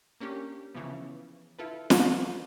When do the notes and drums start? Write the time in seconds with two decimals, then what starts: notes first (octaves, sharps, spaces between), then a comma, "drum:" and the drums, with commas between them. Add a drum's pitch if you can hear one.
0.20 A#3 C#4 D4 G4
0.75 C#3 E3 F3 B3
1.59 E4 F4 A4 B4
1.90 drum: snare